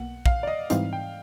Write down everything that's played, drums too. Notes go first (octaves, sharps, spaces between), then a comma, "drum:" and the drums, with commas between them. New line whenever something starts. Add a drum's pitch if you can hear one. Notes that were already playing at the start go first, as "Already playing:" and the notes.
Already playing: B1 B2 A#3 F#5
F5, drum: kick
D5
D#5
G#2 E3 G3 C4 D#4 F5, drum: hi-hat
G5